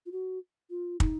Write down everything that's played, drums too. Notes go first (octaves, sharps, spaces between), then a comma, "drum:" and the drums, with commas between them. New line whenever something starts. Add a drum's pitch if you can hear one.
F4
F#4
F4
D#4, drum: kick